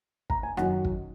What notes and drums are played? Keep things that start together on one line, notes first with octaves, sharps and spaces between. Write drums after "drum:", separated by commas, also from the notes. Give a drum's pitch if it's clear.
A#5, drum: kick
G#5
F#2 D#3 F#3 F#5, drum: rim click
drum: kick